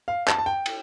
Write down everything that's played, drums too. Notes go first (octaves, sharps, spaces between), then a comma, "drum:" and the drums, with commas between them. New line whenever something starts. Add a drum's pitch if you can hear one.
F5
A5, drum: clap
A5
G5
drum: cymbal